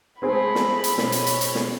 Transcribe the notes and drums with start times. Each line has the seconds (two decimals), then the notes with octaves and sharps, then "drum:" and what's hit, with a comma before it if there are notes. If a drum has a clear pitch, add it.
0.22 G#3 A3 C4 G#4 C5 B5
0.55 drum: snare
0.84 drum: hi-hat
0.98 B2 C#4, drum: snare
1.12 drum: hi-hat
1.27 drum: hi-hat
1.41 drum: hi-hat
1.55 drum: snare